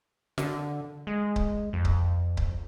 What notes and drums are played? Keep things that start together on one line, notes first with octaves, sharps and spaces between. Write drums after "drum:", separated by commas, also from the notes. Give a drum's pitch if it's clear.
D3, drum: snare
G#3
drum: kick C#1
F2
drum: kick C#1
drum: kick C#1